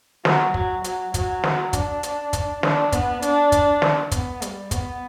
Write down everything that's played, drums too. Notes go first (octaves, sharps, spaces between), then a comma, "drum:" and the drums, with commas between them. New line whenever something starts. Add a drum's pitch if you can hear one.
F#3, drum: snare
F#3, drum: kick
F#3, drum: hi-hat
F#3, drum: kick, hi-hat
drum: snare
D4, drum: kick, hi-hat
drum: hi-hat
drum: kick, hi-hat
D4, drum: snare
B3, drum: kick, hi-hat
D4, drum: hi-hat
drum: kick, hi-hat
drum: snare
B3, drum: kick, hi-hat
G3, drum: hi-hat
B3, drum: kick, hi-hat